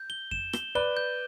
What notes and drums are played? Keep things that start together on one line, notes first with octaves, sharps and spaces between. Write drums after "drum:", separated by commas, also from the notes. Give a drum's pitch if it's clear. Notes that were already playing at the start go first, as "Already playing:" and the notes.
Already playing: G6
G7
E7, drum: kick F2
G7, drum: rim click
B4 D5 G7
G6